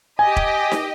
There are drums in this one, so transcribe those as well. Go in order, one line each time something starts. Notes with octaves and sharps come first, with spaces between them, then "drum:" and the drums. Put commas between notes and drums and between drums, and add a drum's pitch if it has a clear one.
G4 D#5 G#5
drum: kick E1
drum: snare D#4